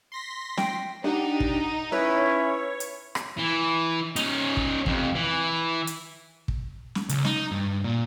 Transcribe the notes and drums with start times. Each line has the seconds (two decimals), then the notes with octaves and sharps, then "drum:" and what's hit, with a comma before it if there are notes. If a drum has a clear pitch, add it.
0.12 C6 A#6 B6
0.57 G5, drum: snare
1.04 D4 D#4 G4 F#5
1.40 drum: kick
1.92 C#4 E4 B4 C#5
2.80 drum: hi-hat
3.15 drum: rim click
3.37 E3
4.16 C#4 D#4, drum: hi-hat
4.57 drum: kick
4.86 F2 C3, drum: kick
5.15 E3
5.87 drum: hi-hat
6.48 drum: kick
6.95 drum: snare
7.09 C#2, drum: hi-hat
7.25 D#4, drum: snare
7.52 G2
7.84 A#2